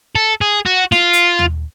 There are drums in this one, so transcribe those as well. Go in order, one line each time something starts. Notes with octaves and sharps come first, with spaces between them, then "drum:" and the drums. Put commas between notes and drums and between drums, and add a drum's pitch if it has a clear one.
A4
G#4
F#4
F4, drum: snare
drum: hi-hat
drum: tom D#2